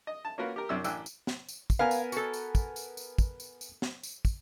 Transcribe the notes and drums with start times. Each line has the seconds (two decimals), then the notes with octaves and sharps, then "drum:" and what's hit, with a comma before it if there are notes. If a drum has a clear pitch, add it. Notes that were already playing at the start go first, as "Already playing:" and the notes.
0.07 D#5
0.25 A5
0.38 A#3 C#4 F4 F#4 A#4 B4
0.56 G4 A#4
0.69 F#2 C3 D4 E4 E6
0.84 A1 D4 G5 G#5 E6 F#6, drum: tambourine
1.06 drum: tambourine
1.27 drum: snare
1.49 drum: tambourine
1.70 drum: kick, tambourine
1.79 B3 A#4 F5 G#5
1.91 drum: tambourine
2.12 F#4 A4, drum: tambourine
2.34 drum: tambourine
2.55 drum: kick, tambourine
2.76 drum: tambourine
2.97 drum: tambourine
3.18 drum: kick, tambourine
3.40 drum: tambourine
3.61 drum: tambourine
3.82 drum: snare
4.03 drum: tambourine
4.25 drum: kick, tambourine